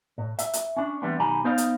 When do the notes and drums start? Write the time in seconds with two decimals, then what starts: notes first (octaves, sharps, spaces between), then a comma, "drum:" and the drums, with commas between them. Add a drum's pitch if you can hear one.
0.18 A2
0.39 E5, drum: hi-hat
0.53 drum: hi-hat
0.77 C#4 D4
1.02 E3 G3 A3 B3 C4 D4
1.20 B1 D#3 G4 G#5 A#5 B5
1.44 B3 D#4 C5 D5 D#5 F5
1.58 drum: hi-hat